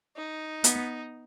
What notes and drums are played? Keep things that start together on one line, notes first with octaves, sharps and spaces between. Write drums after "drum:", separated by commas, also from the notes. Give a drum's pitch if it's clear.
D#4
B3, drum: hi-hat